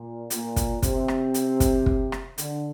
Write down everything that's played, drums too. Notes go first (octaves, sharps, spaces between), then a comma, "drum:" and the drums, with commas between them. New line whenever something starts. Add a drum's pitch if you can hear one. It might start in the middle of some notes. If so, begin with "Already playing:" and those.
Already playing: A#2
A#2, drum: hi-hat
drum: kick, hi-hat
C3, drum: kick, hi-hat
drum: rim click
drum: hi-hat
drum: kick, hi-hat
drum: kick
drum: rim click
D3, drum: hi-hat